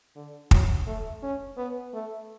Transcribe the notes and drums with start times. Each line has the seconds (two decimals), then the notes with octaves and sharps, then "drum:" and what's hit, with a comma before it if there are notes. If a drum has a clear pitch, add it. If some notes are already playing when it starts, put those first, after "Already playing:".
0.16 D3
0.51 F#3, drum: kick
0.87 A3
1.23 C#4
1.57 B3
1.94 A3